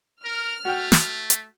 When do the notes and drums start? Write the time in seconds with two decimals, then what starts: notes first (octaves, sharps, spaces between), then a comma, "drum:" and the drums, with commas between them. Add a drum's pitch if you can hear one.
0.24 A#4 F6
0.65 A3 F#4 G5
0.92 drum: snare
1.30 drum: hi-hat